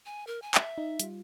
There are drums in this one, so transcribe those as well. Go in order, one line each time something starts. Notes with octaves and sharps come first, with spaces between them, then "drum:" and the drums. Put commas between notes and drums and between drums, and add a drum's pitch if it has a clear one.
G#5
A#4
G#5
E5, drum: clap
D#4
G3 F4, drum: hi-hat